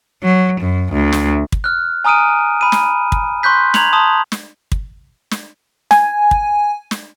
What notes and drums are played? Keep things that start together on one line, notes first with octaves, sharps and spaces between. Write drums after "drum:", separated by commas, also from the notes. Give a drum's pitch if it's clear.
F#3
F#2
D2
drum: snare
drum: kick
F6 F#6
G#5 A#5 D#6 F6 D7 D#7
B5 D#7
drum: snare
drum: kick
C6 C#6 F#6 G6 B6
A#5 G#6 F7 F#7, drum: snare
A5 C6 D#6
drum: snare
drum: kick
drum: snare
G#5, drum: snare
drum: kick
drum: snare